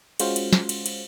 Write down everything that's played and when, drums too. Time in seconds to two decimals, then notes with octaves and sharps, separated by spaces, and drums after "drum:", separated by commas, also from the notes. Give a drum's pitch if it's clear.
0.19 G#3 C#4 F4 F#4 C5 F5, drum: cymbal
0.36 drum: cymbal
0.53 drum: snare
0.69 drum: cymbal
0.86 drum: cymbal